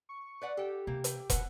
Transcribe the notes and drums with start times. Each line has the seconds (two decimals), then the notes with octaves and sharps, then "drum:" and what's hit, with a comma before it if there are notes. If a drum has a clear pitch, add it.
0.09 C#6
0.42 B4 D5 F#5
0.57 G4 A4 G5
0.87 C3 E3 A#3
1.04 drum: hi-hat
1.30 B2 C4 F#5, drum: kick, hi-hat